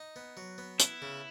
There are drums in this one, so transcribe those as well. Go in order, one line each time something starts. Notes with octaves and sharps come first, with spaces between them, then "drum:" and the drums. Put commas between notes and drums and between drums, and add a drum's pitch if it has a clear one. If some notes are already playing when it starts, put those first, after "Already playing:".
Already playing: D#4
B3
F#3
B3
B3 E4, drum: hi-hat
C#3